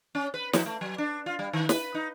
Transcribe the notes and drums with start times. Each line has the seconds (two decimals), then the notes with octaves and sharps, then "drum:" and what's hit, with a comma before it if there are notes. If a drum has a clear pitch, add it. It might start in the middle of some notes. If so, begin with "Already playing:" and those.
0.15 C#4
0.34 B4
0.53 F3, drum: snare
0.66 A3
0.81 F#3
0.98 D4
1.26 F4
1.39 G3
1.53 D#3
1.69 B4, drum: snare
1.94 D#4